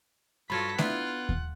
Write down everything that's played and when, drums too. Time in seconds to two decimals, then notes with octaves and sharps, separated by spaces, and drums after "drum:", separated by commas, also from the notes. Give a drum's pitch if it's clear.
0.50 G2 F#3 F4 A4 B5 G#6 A#6 B6
0.78 B3 D4 E4 F4 F#5, drum: snare A3
1.29 drum: kick D#2